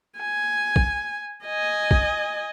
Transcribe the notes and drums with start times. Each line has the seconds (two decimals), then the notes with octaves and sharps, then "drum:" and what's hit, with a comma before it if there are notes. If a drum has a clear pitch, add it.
0.18 G#5
0.76 drum: kick
1.45 D#5 G#5
1.91 drum: kick